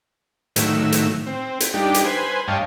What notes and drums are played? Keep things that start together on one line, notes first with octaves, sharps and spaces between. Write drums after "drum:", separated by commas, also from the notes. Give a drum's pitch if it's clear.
A2 D#3 F#3 E6, drum: hi-hat
drum: hi-hat
C4
drum: hi-hat
G3 D4 D#4 G4
drum: hi-hat
B4 C5 G#5
G2 C#5 D#5 F5 G5 A5